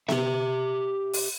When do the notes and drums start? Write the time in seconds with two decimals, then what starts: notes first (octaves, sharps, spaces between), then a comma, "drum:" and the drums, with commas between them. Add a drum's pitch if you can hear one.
0.09 G4 E5, drum: snare B3
1.13 drum: open hi-hat